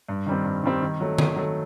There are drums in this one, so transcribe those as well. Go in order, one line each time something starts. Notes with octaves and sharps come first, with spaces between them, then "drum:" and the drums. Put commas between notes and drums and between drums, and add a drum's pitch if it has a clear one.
G2
D#3 G3 C4
G2
D#3 G3 C4
D#3
F#3 A3
D#3, drum: tom D3
F#3 A3